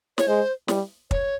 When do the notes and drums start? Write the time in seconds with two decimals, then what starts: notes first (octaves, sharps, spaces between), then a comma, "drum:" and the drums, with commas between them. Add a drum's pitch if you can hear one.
0.18 C#5, drum: snare
0.27 G#3 C5
0.68 G3, drum: snare
1.11 C#5, drum: kick